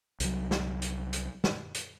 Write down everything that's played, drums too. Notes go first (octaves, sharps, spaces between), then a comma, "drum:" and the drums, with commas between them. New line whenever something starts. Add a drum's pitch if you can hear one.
C2 F#3, drum: hi-hat
drum: snare
drum: hi-hat
drum: hi-hat
drum: snare
drum: hi-hat